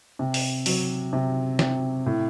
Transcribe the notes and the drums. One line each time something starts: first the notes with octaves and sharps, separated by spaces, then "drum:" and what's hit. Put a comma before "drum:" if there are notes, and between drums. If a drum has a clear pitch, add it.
C3
drum: open hi-hat
F#3, drum: open hi-hat
C3
C3, drum: snare
A2